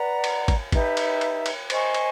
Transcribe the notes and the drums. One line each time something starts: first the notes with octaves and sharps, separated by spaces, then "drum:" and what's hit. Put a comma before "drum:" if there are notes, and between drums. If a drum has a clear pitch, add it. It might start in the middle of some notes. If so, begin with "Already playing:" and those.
Already playing: B4 D5 F#5 A#5
drum: cymbal
drum: kick G#1, cymbal
D#4 G4 B4 E5, drum: kick G#1, cymbal
drum: cymbal
drum: cymbal
drum: cymbal
C5 D#5 G#5 C#6, drum: cymbal
drum: cymbal